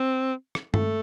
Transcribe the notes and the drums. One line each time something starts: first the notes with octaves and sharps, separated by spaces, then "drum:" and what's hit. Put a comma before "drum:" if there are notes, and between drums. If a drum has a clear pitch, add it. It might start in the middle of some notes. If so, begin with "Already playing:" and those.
Already playing: C4
drum: rim click
A3, drum: tom G2